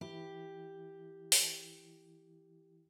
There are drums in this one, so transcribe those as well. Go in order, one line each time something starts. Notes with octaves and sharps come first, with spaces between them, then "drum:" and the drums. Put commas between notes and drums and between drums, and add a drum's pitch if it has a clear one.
E3 E4 G4
drum: open hi-hat